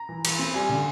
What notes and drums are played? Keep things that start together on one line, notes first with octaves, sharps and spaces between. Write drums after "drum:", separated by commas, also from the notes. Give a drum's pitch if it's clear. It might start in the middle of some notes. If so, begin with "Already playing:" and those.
Already playing: A#5
E3
E3, drum: cymbal
C4
G3 G#5
D3